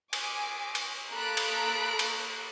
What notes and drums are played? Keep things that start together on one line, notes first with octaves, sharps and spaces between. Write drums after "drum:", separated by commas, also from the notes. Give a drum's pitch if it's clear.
G#5 D6, drum: cymbal
drum: cymbal
A#3 A4 A#5 B5 F#6 D7
drum: cymbal
drum: cymbal